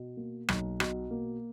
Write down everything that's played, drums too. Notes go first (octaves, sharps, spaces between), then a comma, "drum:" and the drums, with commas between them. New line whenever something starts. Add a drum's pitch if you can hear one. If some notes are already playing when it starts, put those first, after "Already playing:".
Already playing: B2
A#3
B1, drum: rim click
B2, drum: rim click
A#3